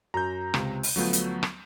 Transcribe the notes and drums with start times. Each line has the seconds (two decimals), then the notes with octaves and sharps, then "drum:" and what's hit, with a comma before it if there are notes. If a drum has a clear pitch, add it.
0.14 F#2 A#5 G6
0.54 C#2 C3, drum: rim click
0.83 drum: open hi-hat
0.96 D2 F3 F#3 A3 B3 G6
1.13 drum: hi-hat
1.43 drum: rim click